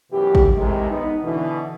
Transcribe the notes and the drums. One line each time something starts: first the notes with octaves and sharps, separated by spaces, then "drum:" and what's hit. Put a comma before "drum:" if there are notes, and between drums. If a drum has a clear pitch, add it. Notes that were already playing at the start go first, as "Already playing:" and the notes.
F#2 B2 E3 G4
drum: kick A1
A2 C3 D#3 G#3
B3 D#4
B2 D3 E3